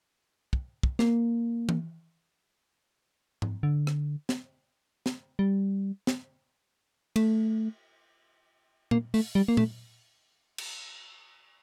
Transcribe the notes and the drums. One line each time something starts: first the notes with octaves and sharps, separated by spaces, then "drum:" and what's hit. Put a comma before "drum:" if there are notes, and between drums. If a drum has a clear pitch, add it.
drum: kick
drum: kick
A#3, drum: snare
drum: tom
drum: tom G#2
D3
drum: rim click
drum: snare
drum: snare
G3
drum: snare
A3, drum: cymbal
A#3, drum: tom A#2
A3, drum: open hi-hat
G3
A#3
A3, drum: tom A#2
drum: cymbal